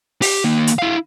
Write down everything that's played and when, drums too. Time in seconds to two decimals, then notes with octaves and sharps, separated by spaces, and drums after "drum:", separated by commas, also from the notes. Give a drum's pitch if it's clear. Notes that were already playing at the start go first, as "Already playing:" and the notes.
0.22 G4, drum: open hi-hat
0.44 D#3 A#3
0.67 drum: hi-hat
0.79 E4 F5